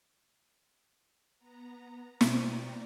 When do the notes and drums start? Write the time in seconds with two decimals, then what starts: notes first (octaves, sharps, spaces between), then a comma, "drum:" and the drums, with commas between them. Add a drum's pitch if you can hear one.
1.39 B3 A#5
2.21 B2 C5 D5 G5 A#5 D#7, drum: snare